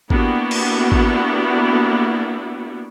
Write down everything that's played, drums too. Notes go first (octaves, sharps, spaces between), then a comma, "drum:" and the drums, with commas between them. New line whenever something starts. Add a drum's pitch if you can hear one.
A#3 B3 D4 E4 F#4 G4, drum: kick G#1
drum: cymbal
drum: kick G#1